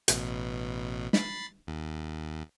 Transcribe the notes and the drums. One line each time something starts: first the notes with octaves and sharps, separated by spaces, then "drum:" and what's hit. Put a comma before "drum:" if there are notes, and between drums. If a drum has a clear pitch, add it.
A1 B2, drum: hi-hat
B5 A6 C7, drum: snare
D#2